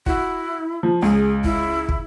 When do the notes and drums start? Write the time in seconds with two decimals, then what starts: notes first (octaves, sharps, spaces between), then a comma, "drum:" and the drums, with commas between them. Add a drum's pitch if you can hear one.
0.06 E4 F#4, drum: kick
0.83 F3
1.02 C#2 G#4
1.44 E4, drum: kick
1.89 drum: kick